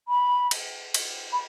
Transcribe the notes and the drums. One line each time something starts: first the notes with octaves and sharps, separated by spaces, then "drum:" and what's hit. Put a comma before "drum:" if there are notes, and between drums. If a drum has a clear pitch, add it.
B5
drum: cymbal
drum: cymbal
B5